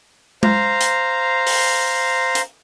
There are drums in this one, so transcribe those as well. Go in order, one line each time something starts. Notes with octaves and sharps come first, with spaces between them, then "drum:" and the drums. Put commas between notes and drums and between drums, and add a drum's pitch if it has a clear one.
C5 F5 A#5, drum: tom G#3
drum: hi-hat
drum: open hi-hat
drum: hi-hat